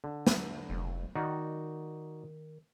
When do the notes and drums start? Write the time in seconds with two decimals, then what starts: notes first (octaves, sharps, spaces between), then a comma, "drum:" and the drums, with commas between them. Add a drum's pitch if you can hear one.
0.04 D3
0.27 drum: snare
0.70 F1
1.16 D#3 D#4 F#4 D5